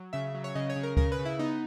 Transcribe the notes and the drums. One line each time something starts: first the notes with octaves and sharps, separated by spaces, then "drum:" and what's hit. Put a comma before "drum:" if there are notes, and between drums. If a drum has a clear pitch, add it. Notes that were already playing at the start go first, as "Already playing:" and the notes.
Already playing: F#3
C#3 E5
F#3
C#5
C#3 D#5
C#5
C#3
A#4
C#3 A#4, drum: kick D2
B4
C#3
E4
B3 D#4